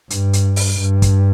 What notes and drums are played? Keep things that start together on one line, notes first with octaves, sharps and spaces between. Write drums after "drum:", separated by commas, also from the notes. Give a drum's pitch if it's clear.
G2, drum: hi-hat
drum: hi-hat
drum: open hi-hat
G2
drum: kick, hi-hat